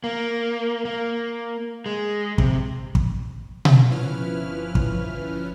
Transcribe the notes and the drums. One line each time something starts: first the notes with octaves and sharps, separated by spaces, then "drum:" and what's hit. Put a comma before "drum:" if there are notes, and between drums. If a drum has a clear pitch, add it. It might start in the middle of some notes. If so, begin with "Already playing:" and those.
A#3
A#3
G#3
C3, drum: kick
drum: kick
drum: tom B2
G1 F3 C#4 E4 B4 F6
drum: kick